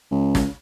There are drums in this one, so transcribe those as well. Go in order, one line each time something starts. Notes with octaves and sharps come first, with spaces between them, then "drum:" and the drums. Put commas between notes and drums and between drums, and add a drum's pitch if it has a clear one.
C#2
drum: snare